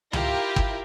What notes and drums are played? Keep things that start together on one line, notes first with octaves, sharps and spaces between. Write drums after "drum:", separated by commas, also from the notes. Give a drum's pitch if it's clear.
E4 F4 G4 A#4 E5, drum: tom C#2
drum: kick